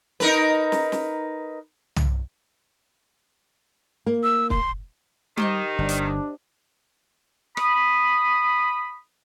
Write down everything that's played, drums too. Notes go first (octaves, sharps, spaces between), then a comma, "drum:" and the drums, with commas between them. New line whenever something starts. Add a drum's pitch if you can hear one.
D#4 A#4 B4, drum: snare
drum: snare
drum: snare
drum: tom
A#3
E6
C6, drum: kick
D#3 G4 C5 D#5, drum: tom G3
G1 D4
drum: hi-hat
B5 D#6, drum: rim click